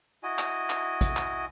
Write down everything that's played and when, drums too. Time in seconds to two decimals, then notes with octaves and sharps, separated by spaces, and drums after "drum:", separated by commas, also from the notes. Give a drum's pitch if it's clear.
0.23 E4 F#4 D#5 G#5
0.39 drum: clap
0.70 drum: clap
1.01 drum: kick, hi-hat
1.17 drum: clap